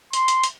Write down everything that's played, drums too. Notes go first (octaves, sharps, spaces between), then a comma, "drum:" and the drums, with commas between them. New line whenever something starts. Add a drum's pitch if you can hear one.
C6, drum: hi-hat
drum: hi-hat
drum: hi-hat